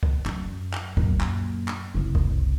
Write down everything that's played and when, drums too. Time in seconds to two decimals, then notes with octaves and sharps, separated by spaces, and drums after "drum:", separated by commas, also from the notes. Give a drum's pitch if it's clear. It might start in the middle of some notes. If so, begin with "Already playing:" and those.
0.03 drum: kick C#2
0.26 F#2, drum: clap
0.73 drum: clap
0.97 F#2 A#2, drum: kick C#2
1.21 drum: clap
1.68 drum: clap
1.94 F#1 C2
2.15 drum: kick C#2